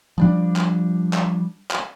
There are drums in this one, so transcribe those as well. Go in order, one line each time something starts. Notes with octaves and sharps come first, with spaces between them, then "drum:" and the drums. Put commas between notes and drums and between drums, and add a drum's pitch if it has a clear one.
F3 G3 D4
drum: clap
drum: clap
drum: clap